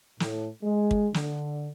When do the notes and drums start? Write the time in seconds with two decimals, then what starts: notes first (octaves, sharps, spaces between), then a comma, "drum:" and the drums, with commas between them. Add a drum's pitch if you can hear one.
0.20 A2, drum: snare
0.64 G#3
0.91 drum: kick
1.14 D3, drum: snare